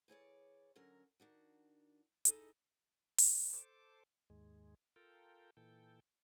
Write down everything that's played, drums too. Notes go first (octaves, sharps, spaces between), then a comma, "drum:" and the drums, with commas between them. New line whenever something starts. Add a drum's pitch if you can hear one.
E3 G#4 C#5 D5
D3 F#3 C#4 A#4
D#3 D4 F#4
D#4 E4 G#4 A4 D#5, drum: hi-hat
drum: open hi-hat
A4 C5 D6
D#2 G#2 G#3
F4 A4 A#4 G5
A#2 E3 A4 G5